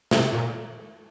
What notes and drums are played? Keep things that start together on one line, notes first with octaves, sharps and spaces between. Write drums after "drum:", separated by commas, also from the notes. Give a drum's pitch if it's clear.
C3, drum: snare
A#2